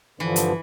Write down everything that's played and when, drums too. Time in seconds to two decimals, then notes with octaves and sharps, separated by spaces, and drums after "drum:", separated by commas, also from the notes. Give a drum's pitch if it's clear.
0.20 G2 D3 E3 F3
0.36 drum: hi-hat